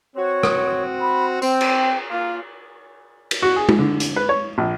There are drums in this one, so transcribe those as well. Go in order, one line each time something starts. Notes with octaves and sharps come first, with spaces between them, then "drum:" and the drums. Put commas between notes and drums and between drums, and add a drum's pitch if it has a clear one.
C4 F#4 C#5
drum: rim click
B5
C4 G5, drum: tambourine
drum: cymbal
A#3 F4 F5
drum: cymbal
F#4
G#4
drum: tom
D3
drum: hi-hat
B4
C#5
A#1